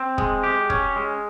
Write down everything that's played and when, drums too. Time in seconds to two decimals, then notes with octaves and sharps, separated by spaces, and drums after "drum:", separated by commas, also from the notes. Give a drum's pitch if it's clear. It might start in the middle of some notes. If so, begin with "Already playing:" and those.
Already playing: C4
0.18 G#3, drum: kick
0.43 G4
0.70 C#4, drum: kick
0.96 G#3